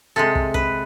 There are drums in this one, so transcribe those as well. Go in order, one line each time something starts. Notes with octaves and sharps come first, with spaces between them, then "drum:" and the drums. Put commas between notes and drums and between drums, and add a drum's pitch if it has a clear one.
C3 G#3 A4
drum: kick
B4, drum: kick